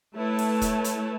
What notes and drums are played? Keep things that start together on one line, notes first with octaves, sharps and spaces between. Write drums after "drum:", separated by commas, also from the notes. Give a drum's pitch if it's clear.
A3 E4 B4 C#5 A5
drum: open hi-hat
drum: kick, hi-hat
drum: hi-hat